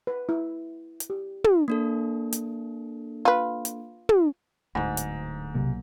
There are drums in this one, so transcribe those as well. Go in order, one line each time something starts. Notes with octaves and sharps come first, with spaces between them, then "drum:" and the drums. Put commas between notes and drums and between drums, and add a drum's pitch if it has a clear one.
B4
E4
drum: hi-hat
G4
drum: tom
A#3 D4 A4
drum: hi-hat
F4 B4
drum: hi-hat
drum: tom
D1 D2 G#2
drum: hi-hat
B1 C3 F#3 A#3